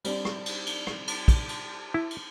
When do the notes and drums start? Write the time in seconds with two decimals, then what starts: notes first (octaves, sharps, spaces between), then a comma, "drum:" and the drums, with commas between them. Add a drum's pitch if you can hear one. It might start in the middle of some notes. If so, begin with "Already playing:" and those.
0.04 G3 C4 D4, drum: cymbal
0.25 drum: rim click
0.46 drum: cymbal
0.66 drum: cymbal
0.87 drum: rim click
1.07 drum: cymbal
1.28 drum: kick, cymbal
1.49 drum: cymbal
1.94 E4
2.10 drum: cymbal